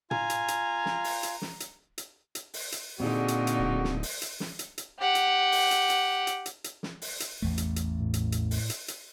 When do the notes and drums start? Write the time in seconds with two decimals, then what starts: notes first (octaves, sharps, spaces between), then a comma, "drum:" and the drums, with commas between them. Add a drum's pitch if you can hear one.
0.11 F4 F5 G#5 A#5, drum: tom
0.30 drum: hi-hat
0.48 drum: hi-hat
0.86 drum: snare
1.04 drum: open hi-hat
1.23 drum: hi-hat
1.42 drum: snare
1.60 drum: hi-hat
1.98 drum: hi-hat
2.35 drum: hi-hat
2.54 drum: open hi-hat
2.72 drum: hi-hat
3.00 A#2 D3 C4 D#4 F#4 G#4
3.28 drum: hi-hat
3.47 drum: hi-hat
3.60 D1
3.84 drum: snare
4.03 drum: open hi-hat
4.22 drum: hi-hat
4.40 drum: snare
4.59 drum: hi-hat
4.78 drum: hi-hat
5.00 G4 F#5
5.15 drum: hi-hat
5.52 drum: open hi-hat
5.71 drum: hi-hat
5.90 drum: hi-hat
6.27 drum: hi-hat
6.46 drum: hi-hat
6.64 drum: hi-hat
6.83 drum: snare
7.02 drum: open hi-hat
7.20 drum: hi-hat
7.42 A1 E2 A3
7.58 drum: hi-hat
7.76 drum: hi-hat
8.00 A2
8.14 drum: hi-hat
8.32 drum: hi-hat
8.51 drum: open hi-hat
8.70 drum: hi-hat
8.88 drum: hi-hat